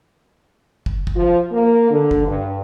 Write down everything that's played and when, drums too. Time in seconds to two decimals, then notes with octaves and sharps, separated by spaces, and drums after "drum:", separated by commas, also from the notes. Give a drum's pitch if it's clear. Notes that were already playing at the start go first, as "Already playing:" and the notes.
0.86 drum: kick
1.07 drum: kick
1.16 F3
1.52 A#3
1.90 D3
2.11 drum: kick
2.26 G2